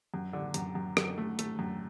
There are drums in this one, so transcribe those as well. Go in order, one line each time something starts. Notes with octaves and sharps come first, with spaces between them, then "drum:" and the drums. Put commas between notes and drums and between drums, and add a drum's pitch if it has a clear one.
F#2
D3
F#2, drum: hi-hat
F#2
F#2, drum: rim click
A3
A3, drum: hi-hat
F#2